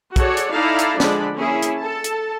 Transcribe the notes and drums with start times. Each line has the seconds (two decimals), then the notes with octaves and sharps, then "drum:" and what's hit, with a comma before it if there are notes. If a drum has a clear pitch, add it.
0.16 F#4 G#4 A4 C#5 D5, drum: kick, hi-hat
0.37 drum: hi-hat
0.54 D#4 E4 A4 D5 F5 A#5
0.79 drum: hi-hat
1.00 D3 F3 G#3 D4 D5 B5, drum: snare
1.35 A#3 C#4 E4 G#4
1.62 drum: hi-hat
1.78 A4 A5
2.04 drum: hi-hat